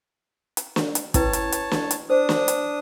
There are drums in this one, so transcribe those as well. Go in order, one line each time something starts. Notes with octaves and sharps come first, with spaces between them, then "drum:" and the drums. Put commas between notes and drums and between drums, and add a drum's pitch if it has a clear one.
drum: hi-hat
drum: snare
drum: hi-hat
C#4 E4 B4 C#5 A5, drum: kick, hi-hat
drum: hi-hat
drum: hi-hat
drum: snare
drum: hi-hat
D4 C5 D#6
drum: snare
drum: hi-hat